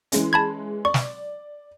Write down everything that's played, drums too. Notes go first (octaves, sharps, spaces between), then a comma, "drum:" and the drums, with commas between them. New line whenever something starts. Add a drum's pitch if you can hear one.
E3 G#3 C#4, drum: hi-hat
A5 B5 G#6
D5 C#6
drum: snare